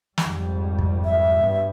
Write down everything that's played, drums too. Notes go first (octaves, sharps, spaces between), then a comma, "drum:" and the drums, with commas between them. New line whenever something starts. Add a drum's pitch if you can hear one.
G#1 F2 G3, drum: snare
drum: kick
E5
G2 G3 B3